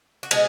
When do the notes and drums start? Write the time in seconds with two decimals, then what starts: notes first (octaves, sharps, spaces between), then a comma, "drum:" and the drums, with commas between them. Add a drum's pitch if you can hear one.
0.23 F#4
0.31 B2 G#3 G#4, drum: cymbal